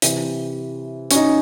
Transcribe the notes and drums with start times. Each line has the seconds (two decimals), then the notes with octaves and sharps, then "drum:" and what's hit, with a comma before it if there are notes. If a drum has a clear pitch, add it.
0.02 C3 E3, drum: hi-hat
1.11 C#4, drum: hi-hat
1.15 D#4